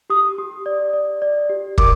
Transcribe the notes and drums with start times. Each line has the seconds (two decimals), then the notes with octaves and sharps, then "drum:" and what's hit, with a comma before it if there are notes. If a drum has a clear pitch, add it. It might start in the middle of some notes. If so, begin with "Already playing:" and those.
0.10 G4 D#6
0.38 G4
0.66 D5
0.93 D5
1.22 D5
1.50 G4
1.78 A#4 D6, drum: kick